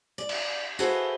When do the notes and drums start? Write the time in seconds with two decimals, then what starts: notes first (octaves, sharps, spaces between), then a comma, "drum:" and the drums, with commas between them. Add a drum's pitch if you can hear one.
0.18 D5
0.29 drum: cymbal
0.79 F#4 G#4 A4 B4 C5 E5